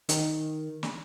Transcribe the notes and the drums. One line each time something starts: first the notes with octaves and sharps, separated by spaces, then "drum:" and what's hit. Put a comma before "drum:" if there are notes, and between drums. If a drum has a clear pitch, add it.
D#3, drum: hi-hat
drum: snare